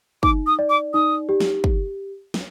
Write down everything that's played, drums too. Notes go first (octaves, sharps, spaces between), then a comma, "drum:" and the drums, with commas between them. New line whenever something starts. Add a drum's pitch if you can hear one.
D#4 D6, drum: kick
D#6
D5
D6
D#4 D#6
G4
drum: snare
drum: kick
drum: snare